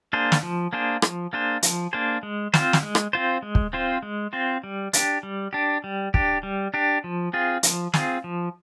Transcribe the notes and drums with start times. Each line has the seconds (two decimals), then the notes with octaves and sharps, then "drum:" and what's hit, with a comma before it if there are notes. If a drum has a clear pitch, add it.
0.13 A#3 D4 G#4 C5
0.32 drum: snare
0.43 F3
0.73 A#3 D4 G#4 C5
1.02 F3, drum: rim click
1.33 A#3 D4 G#4 C5
1.63 F3, drum: hi-hat
1.93 A#3 D4 G#4 C5
2.23 G#3
2.54 C4 F4 C5, drum: snare
2.73 drum: snare
2.83 G#3
2.95 drum: rim click
3.13 C4 F4 C5
3.42 G#3
3.55 drum: kick
3.73 C4 F4 C5
4.03 G#3
4.33 C4 F4 C5
4.64 G3
4.93 D4 G4, drum: hi-hat
5.23 G3
5.53 D4 G4
5.84 G3
6.14 D4 G4, drum: kick
6.43 G3
6.74 D4 G4
7.04 F3
7.33 C4 F4 G#4
7.63 F3, drum: hi-hat
7.94 C4 F4 G#4, drum: snare
8.24 F3